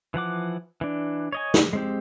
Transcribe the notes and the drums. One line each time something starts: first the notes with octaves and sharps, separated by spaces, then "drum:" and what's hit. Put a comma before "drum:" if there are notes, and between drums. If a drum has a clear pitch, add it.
E3 F3 F#5 D6
E3 D4
C#5 D#5 G#5
drum: snare
G#3 C4 G4